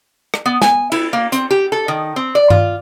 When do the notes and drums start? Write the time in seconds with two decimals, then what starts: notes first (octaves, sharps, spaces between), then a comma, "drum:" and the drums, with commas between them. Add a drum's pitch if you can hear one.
0.34 drum: rim click
0.46 B3
0.62 G#5, drum: snare
0.92 E4, drum: cymbal
1.13 A#3
1.32 C4, drum: hi-hat
1.51 G4
1.72 A4
1.88 D#3
2.16 C4
2.35 D5
2.50 F4, drum: tom G2